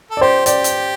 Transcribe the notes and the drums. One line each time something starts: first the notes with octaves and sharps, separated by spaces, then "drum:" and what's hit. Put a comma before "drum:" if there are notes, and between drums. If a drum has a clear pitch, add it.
A4
D5
G4 C5
G4 D5, drum: hi-hat
drum: hi-hat